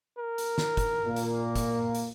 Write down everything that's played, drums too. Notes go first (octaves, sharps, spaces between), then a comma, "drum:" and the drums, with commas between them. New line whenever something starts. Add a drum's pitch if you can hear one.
A#4
drum: hi-hat
drum: snare
drum: kick, hi-hat
A#2 A#3
drum: hi-hat
drum: kick, hi-hat
drum: hi-hat